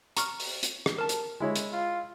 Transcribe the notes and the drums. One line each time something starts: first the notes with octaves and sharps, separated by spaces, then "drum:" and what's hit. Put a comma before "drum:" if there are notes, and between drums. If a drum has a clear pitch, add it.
A#5 C#6 F6, drum: hi-hat
drum: open hi-hat
drum: hi-hat
drum: rim click
A#4 A5
drum: hi-hat
G#3 E4 C#5
drum: hi-hat
F4